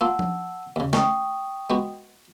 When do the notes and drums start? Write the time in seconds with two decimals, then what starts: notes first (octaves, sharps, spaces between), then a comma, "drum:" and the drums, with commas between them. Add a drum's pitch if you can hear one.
0.01 A#3 F4 F#5 A5 E6
0.19 drum: tom F3
0.76 D#2 C#3
0.93 D#3 A3 C#4 G5 C#6 D#6, drum: snare
1.70 G#3 B3 F#4